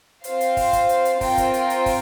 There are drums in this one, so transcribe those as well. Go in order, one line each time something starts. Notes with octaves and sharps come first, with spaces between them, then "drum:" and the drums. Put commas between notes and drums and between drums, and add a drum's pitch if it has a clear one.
C4 F4 C5 F5, drum: hi-hat
drum: hi-hat
drum: kick, open hi-hat
drum: kick, hi-hat
drum: hi-hat
drum: hi-hat
C4 F4 A#4 G5, drum: kick, open hi-hat
drum: kick, hi-hat
drum: hi-hat
drum: hi-hat
drum: kick, open hi-hat